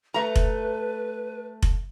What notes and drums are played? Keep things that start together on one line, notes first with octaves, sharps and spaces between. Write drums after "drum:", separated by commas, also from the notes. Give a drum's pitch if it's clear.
A3 B4 A#5
drum: kick F1
drum: kick F1